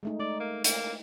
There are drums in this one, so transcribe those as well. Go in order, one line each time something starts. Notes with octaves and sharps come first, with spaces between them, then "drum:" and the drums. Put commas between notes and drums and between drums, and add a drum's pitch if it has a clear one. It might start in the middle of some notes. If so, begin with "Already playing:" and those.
G#3 A3 D#4
D#4 D5
A#3
A#3, drum: hi-hat